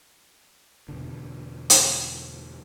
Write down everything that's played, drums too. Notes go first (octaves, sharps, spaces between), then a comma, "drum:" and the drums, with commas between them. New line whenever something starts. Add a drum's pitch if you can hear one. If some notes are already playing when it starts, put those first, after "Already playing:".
E2 B2 D3
drum: hi-hat